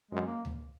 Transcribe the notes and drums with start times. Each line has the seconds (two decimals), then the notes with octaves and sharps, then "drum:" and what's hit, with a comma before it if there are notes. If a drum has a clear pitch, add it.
0.11 F#2 G#3
0.26 A#3
0.45 drum: tom D2